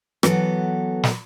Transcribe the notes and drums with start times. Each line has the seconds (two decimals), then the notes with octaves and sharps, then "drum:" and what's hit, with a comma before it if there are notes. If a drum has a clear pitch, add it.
0.23 E3 F#3 B3 A4, drum: rim click
1.03 drum: snare